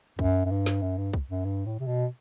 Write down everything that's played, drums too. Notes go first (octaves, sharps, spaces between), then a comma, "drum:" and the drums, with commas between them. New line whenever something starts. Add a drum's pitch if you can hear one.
F#2, drum: kick
F#2
G2
drum: snare
F#2
G2
drum: kick
F#2
G2
A2
C3
B2